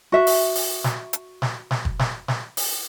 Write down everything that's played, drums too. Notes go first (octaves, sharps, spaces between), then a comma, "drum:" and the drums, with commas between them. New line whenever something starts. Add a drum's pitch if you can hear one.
F#4 E5
drum: open hi-hat
drum: open hi-hat
drum: snare
drum: hi-hat
drum: snare
drum: snare
drum: kick
drum: snare
drum: snare
drum: open hi-hat